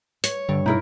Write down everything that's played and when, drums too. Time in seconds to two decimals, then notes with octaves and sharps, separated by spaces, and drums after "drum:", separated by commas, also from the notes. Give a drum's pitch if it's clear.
0.24 C#5, drum: hi-hat
0.49 G2 D3
0.66 B2 D#4 E4 A#4